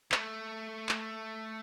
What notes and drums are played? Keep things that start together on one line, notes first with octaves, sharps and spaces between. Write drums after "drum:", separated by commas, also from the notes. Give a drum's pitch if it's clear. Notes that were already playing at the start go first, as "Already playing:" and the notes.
A3, drum: clap
drum: clap